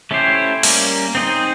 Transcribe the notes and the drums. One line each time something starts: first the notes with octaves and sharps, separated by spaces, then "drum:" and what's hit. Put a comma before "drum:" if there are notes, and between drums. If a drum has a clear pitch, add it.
A3 C#4 E4 G4 C5
G3 A#3 C#4, drum: open hi-hat
C4 D#4 G#4 C5